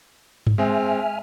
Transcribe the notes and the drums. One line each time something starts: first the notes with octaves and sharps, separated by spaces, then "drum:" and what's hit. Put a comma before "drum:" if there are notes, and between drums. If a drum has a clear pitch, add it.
drum: tom G2
G#3 C4 E5 G#5 F6